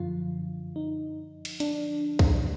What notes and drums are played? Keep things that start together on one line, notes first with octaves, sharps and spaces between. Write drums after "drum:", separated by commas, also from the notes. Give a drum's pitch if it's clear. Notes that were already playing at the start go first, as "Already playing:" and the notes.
Already playing: F#2 D3 F3 F4
D#4
drum: cymbal
D4, drum: hi-hat
drum: kick C2